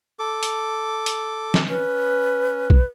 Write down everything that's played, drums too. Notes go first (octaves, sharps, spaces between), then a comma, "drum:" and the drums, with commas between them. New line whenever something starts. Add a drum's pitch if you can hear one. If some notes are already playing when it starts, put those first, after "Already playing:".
A4 D6
drum: hi-hat
drum: hi-hat
drum: snare
C#4 B4
drum: kick